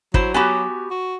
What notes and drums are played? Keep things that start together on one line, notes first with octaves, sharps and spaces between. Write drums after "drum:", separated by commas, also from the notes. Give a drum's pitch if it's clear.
F#3 E4 C5, drum: kick
B3 F#4 G4 G#5 B5
F#4